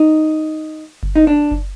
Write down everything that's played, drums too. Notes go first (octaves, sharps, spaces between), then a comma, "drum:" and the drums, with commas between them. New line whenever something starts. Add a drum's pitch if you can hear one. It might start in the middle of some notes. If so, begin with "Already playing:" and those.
Already playing: D#4
drum: kick F#1
D#4
D4
drum: kick F#1